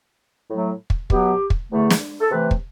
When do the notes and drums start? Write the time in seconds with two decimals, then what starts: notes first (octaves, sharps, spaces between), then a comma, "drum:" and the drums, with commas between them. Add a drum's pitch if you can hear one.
0.50 A2 F#3 A3
0.90 drum: kick
1.10 B2 F#3 B3 G4, drum: kick
1.50 drum: kick
1.70 E2 D3 A3
1.90 drum: snare
2.20 A4
2.31 C3 E3 A3 B4
2.51 drum: kick